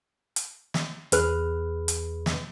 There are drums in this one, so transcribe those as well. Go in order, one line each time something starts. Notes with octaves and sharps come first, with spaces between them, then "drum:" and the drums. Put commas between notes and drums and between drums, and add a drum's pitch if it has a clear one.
drum: hi-hat
drum: snare
E2 G#4 B4 F6 F#6, drum: hi-hat
drum: hi-hat
drum: snare